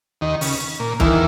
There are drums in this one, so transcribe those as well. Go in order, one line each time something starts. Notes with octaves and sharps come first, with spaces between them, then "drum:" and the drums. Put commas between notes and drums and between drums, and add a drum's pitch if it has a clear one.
D#2 D#3
C#3, drum: open hi-hat
A#2
E2 D#3 E3, drum: kick